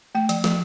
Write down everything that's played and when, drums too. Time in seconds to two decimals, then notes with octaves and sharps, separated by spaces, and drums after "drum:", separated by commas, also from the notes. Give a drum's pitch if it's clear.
0.15 A3 G5
0.29 F3, drum: hi-hat
0.44 F3, drum: snare